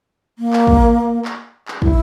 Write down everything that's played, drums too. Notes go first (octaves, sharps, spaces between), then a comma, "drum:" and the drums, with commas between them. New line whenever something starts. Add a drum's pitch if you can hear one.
A#3
drum: clap
drum: kick
drum: clap
drum: clap
E4, drum: kick